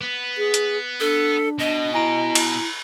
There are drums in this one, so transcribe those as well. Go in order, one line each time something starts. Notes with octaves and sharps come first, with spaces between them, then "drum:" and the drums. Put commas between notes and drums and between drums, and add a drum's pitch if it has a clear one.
B3
G#4
drum: hi-hat
D4 A4
B2 D#5
E4 G#5 A#5 D7
drum: cymbal